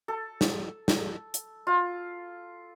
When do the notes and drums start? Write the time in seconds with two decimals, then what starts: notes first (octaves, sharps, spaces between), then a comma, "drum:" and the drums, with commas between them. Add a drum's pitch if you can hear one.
0.08 A4
0.41 drum: snare
0.88 drum: snare
1.34 drum: hi-hat
1.67 F4